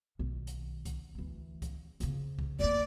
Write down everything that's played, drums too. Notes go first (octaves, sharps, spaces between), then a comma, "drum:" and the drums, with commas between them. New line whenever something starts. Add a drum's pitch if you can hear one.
B1 D#3
drum: hi-hat
drum: kick C2, hi-hat
D2 E3
drum: kick C2, hi-hat
F2 C#3, drum: hi-hat
drum: kick C2
E2 A#3 D5